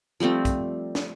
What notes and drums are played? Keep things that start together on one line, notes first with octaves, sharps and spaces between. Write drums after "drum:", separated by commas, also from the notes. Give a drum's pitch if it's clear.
F3 G3 A3 C4
drum: kick, hi-hat
drum: snare